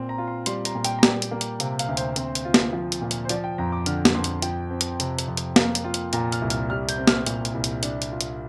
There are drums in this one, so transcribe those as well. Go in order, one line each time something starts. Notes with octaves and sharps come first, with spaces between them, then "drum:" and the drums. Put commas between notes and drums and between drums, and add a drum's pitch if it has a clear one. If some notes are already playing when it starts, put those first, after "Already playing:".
Already playing: A#2 C4
A#5
F4
C6
G3 C6, drum: hi-hat
A#5, drum: hi-hat
A#2
G5, drum: hi-hat
A#5
G3 G5, drum: snare
drum: hi-hat
A#3
drum: hi-hat
C3 F5, drum: hi-hat
F5, drum: hi-hat
D2
C5, drum: hi-hat
C4, drum: hi-hat
drum: hi-hat
F4
drum: snare
F3
drum: hi-hat
A#2
drum: hi-hat
C5
F3 D5, drum: hi-hat
G5
F2 A#5
D6
D3 F6, drum: hi-hat
drum: snare
F2 C6
drum: hi-hat
F3 G5, drum: hi-hat
C4
drum: hi-hat
C3, drum: hi-hat
drum: hi-hat
F2
drum: hi-hat
A#3 F5, drum: snare
drum: hi-hat
F4 G5
drum: hi-hat
A#2 A#5, drum: hi-hat
F6, drum: hi-hat
C2
F6, drum: hi-hat
G3 F6
G6, drum: hi-hat
C4
F6, drum: snare
A#2, drum: hi-hat
drum: hi-hat
C2
drum: hi-hat
D4, drum: hi-hat
drum: hi-hat
F4
drum: hi-hat